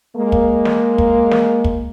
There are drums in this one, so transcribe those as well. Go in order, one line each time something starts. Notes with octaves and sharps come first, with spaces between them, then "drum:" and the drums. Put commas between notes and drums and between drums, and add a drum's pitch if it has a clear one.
G#3 A#3
drum: kick
drum: snare
drum: kick
drum: snare
drum: kick